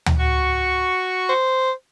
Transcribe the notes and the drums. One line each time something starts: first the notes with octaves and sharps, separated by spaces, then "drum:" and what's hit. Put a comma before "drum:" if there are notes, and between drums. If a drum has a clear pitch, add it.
drum: tom D2
F#4 C#6
C5